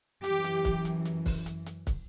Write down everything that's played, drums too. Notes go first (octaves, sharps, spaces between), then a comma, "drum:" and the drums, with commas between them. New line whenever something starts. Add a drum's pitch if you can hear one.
F#2 E3 G4, drum: hi-hat
drum: hi-hat
drum: kick, hi-hat
drum: hi-hat
drum: hi-hat
drum: kick, open hi-hat
drum: hi-hat
drum: hi-hat
drum: kick, hi-hat